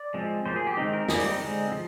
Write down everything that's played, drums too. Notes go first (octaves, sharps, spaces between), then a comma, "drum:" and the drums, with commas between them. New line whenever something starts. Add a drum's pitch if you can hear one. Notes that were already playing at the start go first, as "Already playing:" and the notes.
Already playing: D5
F3 G#3 C4
F3 A#3 C5
G#4
G4
D#3 G#3 C4 D#4
A#4
D#3 G3 C4 G#4, drum: snare
G4, drum: open hi-hat
D#4
D3 G#3 C4
F3